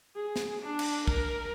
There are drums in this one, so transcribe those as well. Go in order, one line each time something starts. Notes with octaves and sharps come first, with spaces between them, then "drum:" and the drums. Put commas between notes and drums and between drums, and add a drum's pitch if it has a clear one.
G#4
drum: snare
D4
drum: cymbal
A#4, drum: kick